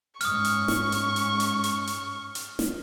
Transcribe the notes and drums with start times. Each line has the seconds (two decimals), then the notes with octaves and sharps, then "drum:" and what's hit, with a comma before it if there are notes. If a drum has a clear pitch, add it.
0.21 G#2 C#4 C#6 D#6 F6, drum: hi-hat
0.45 drum: hi-hat
0.68 drum: snare
0.92 drum: hi-hat
1.16 drum: hi-hat
1.40 drum: hi-hat
1.64 drum: hi-hat
1.87 drum: hi-hat
2.35 drum: hi-hat
2.59 drum: snare